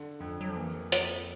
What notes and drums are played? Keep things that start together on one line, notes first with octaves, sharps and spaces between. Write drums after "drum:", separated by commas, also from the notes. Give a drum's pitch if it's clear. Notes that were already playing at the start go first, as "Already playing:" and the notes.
Already playing: D3
F2
F#3
F3
E3 A#3
F2, drum: hi-hat